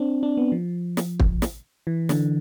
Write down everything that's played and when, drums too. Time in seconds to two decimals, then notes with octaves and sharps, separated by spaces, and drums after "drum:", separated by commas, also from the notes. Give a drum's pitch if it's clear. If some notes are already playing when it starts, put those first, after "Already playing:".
Already playing: C4 D4
0.23 D4
0.37 B3
0.52 F3
0.97 drum: snare
1.20 drum: kick
1.42 drum: snare
1.87 E3
2.09 D3, drum: snare